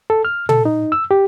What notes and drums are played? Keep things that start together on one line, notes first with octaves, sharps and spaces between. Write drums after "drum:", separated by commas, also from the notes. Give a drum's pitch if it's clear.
A4
F6
A4, drum: tom A#2
D#4
E6
G4